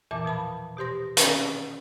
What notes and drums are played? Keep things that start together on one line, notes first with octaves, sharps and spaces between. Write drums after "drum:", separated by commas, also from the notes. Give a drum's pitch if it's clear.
E2 A#2 E3 E5 A5 D6
B2 F3 A5 B5
B2 G4 C5 C6 A#6
D#3 C#4, drum: hi-hat